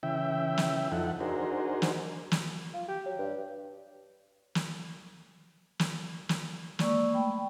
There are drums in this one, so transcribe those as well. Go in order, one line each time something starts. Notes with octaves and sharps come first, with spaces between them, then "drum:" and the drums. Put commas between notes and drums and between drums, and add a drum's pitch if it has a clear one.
C#3 E3 E5 G5
drum: snare
F2 F3 D#4 E4 A4 F#5
D4 D#4 F#4 G#4 A#4 C5
drum: snare
drum: snare
F4
G4
F#3
G2
drum: snare
drum: snare
drum: snare
G#3 A#3 D5 C#6 E6, drum: snare
A3 G5 B5